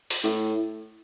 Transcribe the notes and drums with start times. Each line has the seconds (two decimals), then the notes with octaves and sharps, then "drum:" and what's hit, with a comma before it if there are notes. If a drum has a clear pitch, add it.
0.10 drum: open hi-hat
0.23 A2